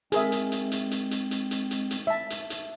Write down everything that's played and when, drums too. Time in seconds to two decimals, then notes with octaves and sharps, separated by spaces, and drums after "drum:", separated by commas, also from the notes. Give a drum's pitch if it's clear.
0.12 G#3 C4 G#4 A#4 E5, drum: hi-hat
0.32 drum: hi-hat
0.52 drum: hi-hat
0.72 drum: hi-hat
0.91 drum: hi-hat
1.11 drum: hi-hat
1.31 drum: hi-hat
1.51 drum: hi-hat
1.71 drum: hi-hat
1.91 drum: hi-hat
2.07 E5 A5
2.30 drum: hi-hat
2.50 drum: hi-hat